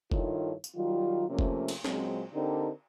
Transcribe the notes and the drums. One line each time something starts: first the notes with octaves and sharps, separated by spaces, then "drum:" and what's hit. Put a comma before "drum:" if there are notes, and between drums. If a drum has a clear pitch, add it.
G2 D#3 E4 F4 A4 C#5, drum: kick
drum: tambourine
D#3 F#3 G3 F4
C3 F3 A3 A#3 C#4
drum: kick
drum: cymbal
A#2 F#3 G#3 C4, drum: snare
D3 C4 D4 D#4 G4 A#4